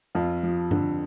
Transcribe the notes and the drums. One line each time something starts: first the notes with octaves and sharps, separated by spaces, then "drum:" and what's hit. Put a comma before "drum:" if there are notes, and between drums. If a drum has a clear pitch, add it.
F2 F4
F3
D3, drum: tom G2